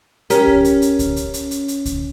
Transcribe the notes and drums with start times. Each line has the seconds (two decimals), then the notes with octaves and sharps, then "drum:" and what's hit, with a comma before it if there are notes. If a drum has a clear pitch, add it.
0.30 C#4 G4 A#4, drum: hi-hat
0.47 drum: kick C#2
0.65 drum: hi-hat
0.82 drum: hi-hat
0.99 drum: kick C#2, hi-hat
1.16 drum: hi-hat
1.34 drum: hi-hat
1.51 drum: hi-hat
1.68 drum: hi-hat
1.85 drum: kick C#2, hi-hat